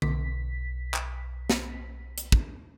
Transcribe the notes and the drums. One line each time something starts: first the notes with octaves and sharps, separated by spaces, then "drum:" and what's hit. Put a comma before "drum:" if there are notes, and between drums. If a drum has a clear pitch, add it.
B1 B6, drum: tom D3
drum: clap
drum: snare
drum: hi-hat
drum: kick